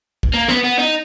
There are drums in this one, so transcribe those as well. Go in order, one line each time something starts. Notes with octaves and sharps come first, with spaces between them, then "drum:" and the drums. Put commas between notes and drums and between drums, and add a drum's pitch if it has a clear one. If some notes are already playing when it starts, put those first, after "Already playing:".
drum: kick
A#3
B3, drum: snare
B3
D#4